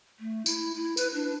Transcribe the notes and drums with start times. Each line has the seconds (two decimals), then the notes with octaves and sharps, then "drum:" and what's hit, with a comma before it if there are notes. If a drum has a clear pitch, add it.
0.19 A3
0.46 E4, drum: tambourine
0.75 E4
0.97 B4, drum: tambourine
1.14 D4